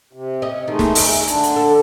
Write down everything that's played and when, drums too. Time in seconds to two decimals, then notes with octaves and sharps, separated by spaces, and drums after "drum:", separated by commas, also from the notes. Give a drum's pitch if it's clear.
0.13 C3
0.42 C#4 D#5
0.68 D#3 G#3 A3 D#4
0.79 drum: snare
0.95 drum: open hi-hat
1.27 D3 D4, drum: hi-hat
1.43 drum: hi-hat
1.56 A4